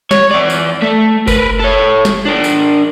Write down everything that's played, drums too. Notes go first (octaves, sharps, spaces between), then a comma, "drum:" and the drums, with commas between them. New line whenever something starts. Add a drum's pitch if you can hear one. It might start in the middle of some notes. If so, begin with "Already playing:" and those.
C#5, drum: snare
E3 D5
drum: tambourine
A3
A#4 B4, drum: kick F#1, tambourine
A4 C#5
drum: snare
D4 A#4
drum: tambourine